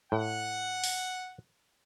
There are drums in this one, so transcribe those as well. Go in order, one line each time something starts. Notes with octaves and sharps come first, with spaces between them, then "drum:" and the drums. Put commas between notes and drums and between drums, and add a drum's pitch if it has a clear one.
A2 F#5
drum: open hi-hat